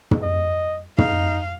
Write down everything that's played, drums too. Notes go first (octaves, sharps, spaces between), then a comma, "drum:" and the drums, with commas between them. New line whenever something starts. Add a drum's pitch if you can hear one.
drum: tom
D#5
D#4 F5, drum: tom